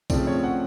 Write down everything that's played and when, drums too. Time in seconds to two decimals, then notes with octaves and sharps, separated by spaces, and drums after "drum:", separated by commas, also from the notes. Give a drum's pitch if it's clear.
0.10 C#3 F3 A3 C4 D5, drum: kick B1, tambourine
0.27 C#5
0.44 F#5